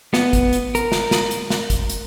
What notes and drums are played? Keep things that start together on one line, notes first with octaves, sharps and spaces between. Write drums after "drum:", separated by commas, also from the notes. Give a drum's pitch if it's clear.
B3, drum: snare
drum: kick G#1, hi-hat
drum: hi-hat
A#4, drum: hi-hat
drum: snare
drum: snare
drum: hi-hat
drum: snare
drum: kick G#1, hi-hat
drum: hi-hat